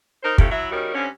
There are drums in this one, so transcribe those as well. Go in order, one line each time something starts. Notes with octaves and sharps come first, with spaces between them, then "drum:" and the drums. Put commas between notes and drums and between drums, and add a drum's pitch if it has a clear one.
D#4 A#4 C5
F2 C3 A3 E4 G4 F5, drum: kick
F#3 E4 E5
C#3 G3 C#4 D#4 F#4 A#4
G2 D3 C4 C#4